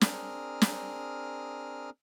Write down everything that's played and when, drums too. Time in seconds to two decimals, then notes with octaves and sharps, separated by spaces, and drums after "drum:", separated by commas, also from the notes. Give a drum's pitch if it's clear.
0.01 C4 D4 G#4 A#4 D#6 F6, drum: snare
0.62 drum: snare